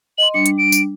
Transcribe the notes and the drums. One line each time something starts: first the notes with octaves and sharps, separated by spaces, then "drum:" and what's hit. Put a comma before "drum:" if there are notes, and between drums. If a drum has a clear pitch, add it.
D#5 C6 F#7
G3 D4 C#7
drum: hi-hat
D7
drum: tambourine